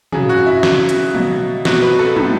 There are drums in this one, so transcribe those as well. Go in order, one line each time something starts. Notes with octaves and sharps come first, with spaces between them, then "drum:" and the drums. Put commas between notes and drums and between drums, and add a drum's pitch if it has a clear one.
C#3 F#3 G#4, drum: tom
F#4
E4
C#3 F#3, drum: snare
drum: hi-hat
B2 F#3, drum: tom
B2 F#3 F#4, drum: snare
B4
A4
A2 F#3, drum: tom